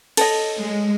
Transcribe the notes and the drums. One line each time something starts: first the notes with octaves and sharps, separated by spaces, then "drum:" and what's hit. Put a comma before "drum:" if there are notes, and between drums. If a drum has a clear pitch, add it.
A4 C#5 D#5, drum: cymbal
G#3